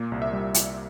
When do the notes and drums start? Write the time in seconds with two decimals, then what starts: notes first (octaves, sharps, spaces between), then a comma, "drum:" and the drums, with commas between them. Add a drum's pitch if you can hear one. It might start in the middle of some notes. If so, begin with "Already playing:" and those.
Already playing: A#2 A#3
0.12 C2
0.22 E5
0.33 G3
0.54 drum: hi-hat